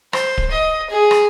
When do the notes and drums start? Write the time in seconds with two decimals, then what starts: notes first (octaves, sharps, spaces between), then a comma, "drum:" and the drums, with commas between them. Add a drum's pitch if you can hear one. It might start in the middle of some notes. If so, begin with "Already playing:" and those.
0.13 C5, drum: rim click
0.38 drum: kick D1
0.51 D#5
0.90 G#4
1.11 drum: rim click